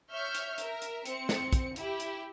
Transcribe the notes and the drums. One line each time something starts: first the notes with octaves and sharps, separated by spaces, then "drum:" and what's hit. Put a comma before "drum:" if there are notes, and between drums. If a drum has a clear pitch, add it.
C#5 E5 F6 G6
drum: hi-hat
A#4 E5, drum: hi-hat
drum: hi-hat
C4 C#7, drum: hi-hat
drum: snare
drum: kick, hi-hat
E4 G4, drum: hi-hat
drum: hi-hat